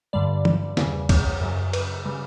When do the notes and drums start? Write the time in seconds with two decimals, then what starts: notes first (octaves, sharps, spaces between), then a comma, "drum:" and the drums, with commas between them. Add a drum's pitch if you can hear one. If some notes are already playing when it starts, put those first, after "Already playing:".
0.13 G2 D3 G3 D5
0.45 drum: tom
0.77 E2 C#3 G3, drum: snare
1.09 C#5, drum: kick, cymbal
1.41 F#2 C#3 F#3
1.73 B4, drum: cymbal
2.05 C#3 G3